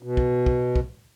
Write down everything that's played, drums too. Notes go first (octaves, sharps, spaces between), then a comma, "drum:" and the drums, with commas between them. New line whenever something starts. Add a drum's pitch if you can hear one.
B2
drum: kick
drum: kick
drum: kick